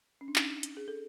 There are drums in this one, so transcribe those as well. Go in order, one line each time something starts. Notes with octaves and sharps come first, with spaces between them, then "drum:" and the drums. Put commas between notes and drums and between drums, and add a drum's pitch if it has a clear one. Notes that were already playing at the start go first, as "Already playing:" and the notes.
C#4
D4
C#4 D#4, drum: clap
drum: hi-hat
G#4
A4